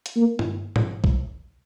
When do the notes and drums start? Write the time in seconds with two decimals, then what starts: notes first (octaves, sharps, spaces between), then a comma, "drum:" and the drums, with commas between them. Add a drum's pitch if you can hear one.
0.06 drum: hi-hat
0.16 A#3
0.39 drum: tom G2
0.76 drum: tom G#2
1.04 drum: kick